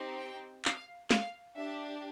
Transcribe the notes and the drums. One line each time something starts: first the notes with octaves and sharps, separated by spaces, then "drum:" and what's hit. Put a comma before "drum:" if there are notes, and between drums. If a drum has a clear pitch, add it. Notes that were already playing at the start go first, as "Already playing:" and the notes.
Already playing: C4 D#4 G4
G5
F5, drum: clap
F5, drum: snare
D4 G4 E5